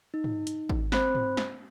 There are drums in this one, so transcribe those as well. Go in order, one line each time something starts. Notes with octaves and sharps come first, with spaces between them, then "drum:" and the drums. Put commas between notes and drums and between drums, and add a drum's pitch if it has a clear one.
D#4
drum: tom
drum: hi-hat
drum: kick G#1
C4 C5 B5 F#6, drum: snare
drum: tom
drum: snare